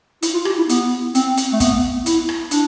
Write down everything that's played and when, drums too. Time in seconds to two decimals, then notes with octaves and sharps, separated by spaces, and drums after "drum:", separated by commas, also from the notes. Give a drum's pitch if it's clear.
0.22 E4, drum: hi-hat
0.34 F4
0.45 G4, drum: rim click
0.58 E4
0.69 B3, drum: hi-hat
1.15 C4, drum: hi-hat
1.37 drum: hi-hat
1.53 A3
1.60 B3, drum: kick, hi-hat
2.06 E4, drum: hi-hat
2.29 drum: rim click
2.51 D4, drum: hi-hat